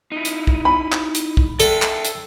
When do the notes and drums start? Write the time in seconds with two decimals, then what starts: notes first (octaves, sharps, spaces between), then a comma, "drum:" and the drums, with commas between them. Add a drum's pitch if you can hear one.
0.12 D#4 E4
0.25 drum: hi-hat
0.47 drum: kick C2
0.65 B5
0.92 drum: clap
1.15 drum: hi-hat
1.37 drum: kick C2
1.60 A4 D5 E5 G5, drum: hi-hat
1.82 drum: clap
2.05 drum: hi-hat